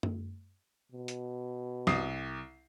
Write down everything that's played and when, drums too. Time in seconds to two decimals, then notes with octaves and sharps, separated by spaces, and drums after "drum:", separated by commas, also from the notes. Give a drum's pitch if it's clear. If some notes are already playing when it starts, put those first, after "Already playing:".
0.03 drum: tom
0.92 B2
1.08 drum: hi-hat
1.87 C2 D#6 C7, drum: snare